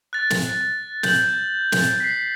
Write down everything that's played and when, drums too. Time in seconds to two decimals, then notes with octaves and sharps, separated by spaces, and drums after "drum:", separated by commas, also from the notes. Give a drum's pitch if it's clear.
0.13 F#6 A6
0.31 drum: snare
1.03 G6 F#7, drum: snare
1.72 drum: snare
2.00 B6 C7